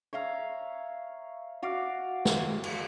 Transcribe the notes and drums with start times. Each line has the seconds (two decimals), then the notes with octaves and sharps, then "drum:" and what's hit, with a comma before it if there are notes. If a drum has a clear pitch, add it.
0.13 C#5 E5 F5 A#5
1.63 F#4 D5 F5
2.25 drum: snare
2.64 drum: cymbal